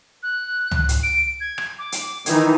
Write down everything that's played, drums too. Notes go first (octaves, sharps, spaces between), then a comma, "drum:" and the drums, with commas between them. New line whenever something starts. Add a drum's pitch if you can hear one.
F#6
drum: tom C#2
drum: hi-hat
D7
G#6
drum: rim click
D6
drum: hi-hat
D#3 E3 D#4 G#6, drum: hi-hat